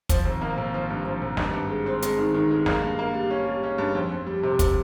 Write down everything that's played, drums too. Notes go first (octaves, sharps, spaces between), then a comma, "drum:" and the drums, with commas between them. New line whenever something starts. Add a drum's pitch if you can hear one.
F3, drum: kick, hi-hat
G#1
A#3
G#1
F3
G2
F3
G#1
G2, drum: snare
G2
G#3
C4
G#3, drum: hi-hat
D#3
D#3
G#3
A#3, drum: snare
G2
A#3
G3
C#4
G3
C#4
G2
F2
F2
G3
C3
C3, drum: kick, hi-hat